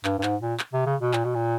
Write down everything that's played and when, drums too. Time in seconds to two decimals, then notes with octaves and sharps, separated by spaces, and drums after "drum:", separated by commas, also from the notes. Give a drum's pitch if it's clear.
0.05 G2, drum: clap
0.19 G2
0.23 G#2, drum: clap
0.42 A#2
0.59 drum: clap
0.73 C3
0.86 C#3
1.01 B2
1.13 A#2, drum: clap
1.25 B2
1.35 A#2